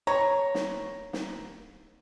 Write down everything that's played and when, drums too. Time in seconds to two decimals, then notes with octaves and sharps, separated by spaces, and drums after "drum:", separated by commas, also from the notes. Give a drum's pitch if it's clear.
0.07 C#5 A#5
0.55 drum: snare
1.13 drum: snare